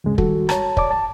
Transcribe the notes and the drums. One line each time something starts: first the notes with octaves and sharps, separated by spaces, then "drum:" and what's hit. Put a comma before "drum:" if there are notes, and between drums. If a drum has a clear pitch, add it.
D2 G2 C#3 G#3 C#4
D#3 G3 F#4 A4, drum: kick
C#5 A5 A#5, drum: rim click
C#5 D5 A5 D6, drum: kick
A5